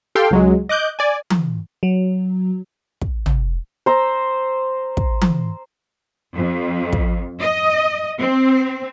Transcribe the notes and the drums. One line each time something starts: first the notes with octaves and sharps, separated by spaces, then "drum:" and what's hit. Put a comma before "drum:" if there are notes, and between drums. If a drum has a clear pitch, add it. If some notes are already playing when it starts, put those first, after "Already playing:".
G4 A4 F5 G5 C6
C#2 F#3 G#3
D#5 D6 F#6 G6
D5 G#5
drum: tom E3
F#3
drum: kick
drum: tom
C5 A#5 E6
drum: kick
drum: tom E3
F2
drum: kick
D#5
C4